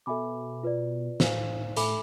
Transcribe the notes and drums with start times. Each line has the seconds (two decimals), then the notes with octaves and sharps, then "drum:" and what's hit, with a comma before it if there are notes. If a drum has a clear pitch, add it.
0.06 B2 A4 E5 G#5 B5 D6
0.63 F4 B4 D5
1.20 A2 C5 F5 G#5, drum: snare
1.77 A2 A4 E5 G#5 B5 D6, drum: hi-hat